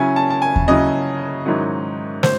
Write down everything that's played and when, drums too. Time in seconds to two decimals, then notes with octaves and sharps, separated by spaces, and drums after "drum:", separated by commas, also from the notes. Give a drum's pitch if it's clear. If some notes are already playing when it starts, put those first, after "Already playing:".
Already playing: C#3 F#3 C#4 E4 G#5
0.16 A5
0.30 A5
0.42 G#5
0.56 drum: kick D#2
0.68 C#3 F#3 C#4 E4 D#5
1.45 G#2 D#3 F#3 C#4 E4
2.23 C5, drum: snare